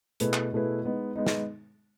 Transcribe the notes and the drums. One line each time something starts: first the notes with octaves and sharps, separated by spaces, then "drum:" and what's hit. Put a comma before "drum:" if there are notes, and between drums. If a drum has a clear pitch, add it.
B2 A3 E4 G#4 B4, drum: hi-hat
drum: clap
B2 A3 E4 G#4 B4
G#3 B3 D#4
G#3 B3 D#4
drum: snare